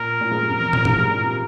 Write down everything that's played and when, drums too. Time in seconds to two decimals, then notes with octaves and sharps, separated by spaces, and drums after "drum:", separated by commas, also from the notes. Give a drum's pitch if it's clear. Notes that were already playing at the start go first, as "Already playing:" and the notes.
Already playing: A#2 A#4
0.21 A#2
0.31 G#2
0.41 G2
0.50 F2
0.59 E2
0.73 F2, drum: tom
0.85 G2, drum: tom G#2
0.98 G#2
1.11 A#2
1.24 C3